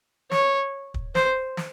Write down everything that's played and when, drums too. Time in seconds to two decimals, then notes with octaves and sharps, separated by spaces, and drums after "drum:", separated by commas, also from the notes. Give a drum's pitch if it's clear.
0.31 C#5, drum: snare
0.94 drum: kick
1.15 C5, drum: snare
1.57 drum: snare